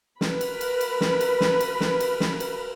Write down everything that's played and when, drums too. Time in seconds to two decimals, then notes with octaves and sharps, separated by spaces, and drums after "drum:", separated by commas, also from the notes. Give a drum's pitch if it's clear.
0.21 A#4 B4 B5, drum: snare
0.41 drum: cymbal
0.61 drum: cymbal
0.81 drum: cymbal
1.01 drum: snare
1.21 drum: cymbal
1.41 drum: snare
1.61 drum: cymbal
1.80 drum: snare
2.00 drum: cymbal
2.20 drum: snare
2.40 drum: cymbal